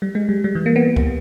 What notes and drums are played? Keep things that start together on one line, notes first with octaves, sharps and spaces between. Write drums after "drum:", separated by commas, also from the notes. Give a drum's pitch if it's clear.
G3
G#3
G3
G3
E3
A#3
B3
drum: kick C2